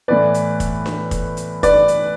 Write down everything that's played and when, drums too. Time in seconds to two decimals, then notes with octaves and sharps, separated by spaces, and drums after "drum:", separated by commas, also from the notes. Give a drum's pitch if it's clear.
0.08 A2 E3 B3 B4 D5
0.34 drum: hi-hat
0.60 drum: kick, hi-hat
0.86 drum: snare D4
1.11 drum: kick, hi-hat
1.37 drum: hi-hat
1.63 B4 D5, drum: kick, hi-hat
1.88 drum: hi-hat